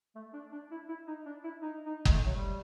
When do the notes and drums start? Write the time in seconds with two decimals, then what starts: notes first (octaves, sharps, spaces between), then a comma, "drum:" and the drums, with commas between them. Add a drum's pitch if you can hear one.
0.15 A3
0.33 D4
0.52 D4
0.71 E4
0.88 E4
1.07 D#4
1.26 D4
1.44 E4
1.62 D#4
1.86 D#4
2.05 G#3, drum: kick F#1
2.11 A3
2.25 F#3
2.35 G3